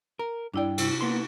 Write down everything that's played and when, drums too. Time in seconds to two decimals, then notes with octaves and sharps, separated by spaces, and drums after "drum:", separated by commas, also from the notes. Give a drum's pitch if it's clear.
0.19 A#4
0.54 G2 D4 E4 D5 G5
0.78 C3 E4, drum: cymbal
1.01 A#3 B3 C6